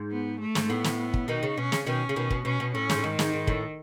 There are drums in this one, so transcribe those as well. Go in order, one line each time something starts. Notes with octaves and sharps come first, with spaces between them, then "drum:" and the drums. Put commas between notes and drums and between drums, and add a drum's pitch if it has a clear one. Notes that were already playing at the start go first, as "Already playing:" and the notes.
Already playing: G#2
B3
A3
G#2, drum: snare
A2 B3
drum: snare
drum: kick
B2 D#3 D#4
C#3
B2 C#4
C#3, drum: snare
B2 D#3 C#4
C#3
B2 D#3
B2, drum: kick
B2 C#4
B2
A2 C#4
G#2, drum: snare
A2
G#2 D#3
G#2, drum: snare
G#2
A2, drum: kick